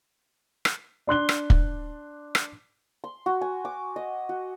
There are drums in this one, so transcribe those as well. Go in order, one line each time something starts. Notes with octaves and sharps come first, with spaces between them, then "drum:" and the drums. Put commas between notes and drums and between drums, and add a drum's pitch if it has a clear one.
drum: rim click
D4 C6 F#6 G7
drum: rim click
drum: kick
drum: rim click
C6
F#4
G#5
D6
D#5
F#4